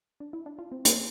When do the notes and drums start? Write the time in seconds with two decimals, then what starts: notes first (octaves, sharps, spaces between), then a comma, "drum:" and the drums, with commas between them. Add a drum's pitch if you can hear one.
0.20 D4
0.33 E4
0.46 D4
0.59 F4
0.72 C4
0.85 A#3, drum: hi-hat